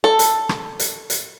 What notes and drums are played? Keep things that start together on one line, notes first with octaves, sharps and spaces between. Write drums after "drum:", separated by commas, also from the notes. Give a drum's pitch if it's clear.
A4
drum: hi-hat
drum: rim click
drum: hi-hat
drum: hi-hat